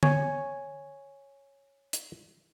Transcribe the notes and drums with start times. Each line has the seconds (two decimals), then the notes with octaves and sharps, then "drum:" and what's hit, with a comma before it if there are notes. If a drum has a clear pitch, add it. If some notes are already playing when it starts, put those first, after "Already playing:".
0.03 C#5 G#5, drum: tom D3
1.93 drum: hi-hat